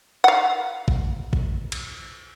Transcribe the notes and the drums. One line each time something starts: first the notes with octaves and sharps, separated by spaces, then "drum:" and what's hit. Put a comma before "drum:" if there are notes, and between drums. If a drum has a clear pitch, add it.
F5 F#5
drum: kick
drum: kick
drum: cymbal